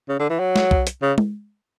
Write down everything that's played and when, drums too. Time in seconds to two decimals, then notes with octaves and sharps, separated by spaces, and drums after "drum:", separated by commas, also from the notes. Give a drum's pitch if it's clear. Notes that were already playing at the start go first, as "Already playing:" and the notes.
0.09 C#3
0.19 D3
0.30 E3
0.40 F#3
0.56 drum: snare
0.71 drum: kick B1
0.87 drum: hi-hat
1.02 C#3
1.18 drum: tom G#3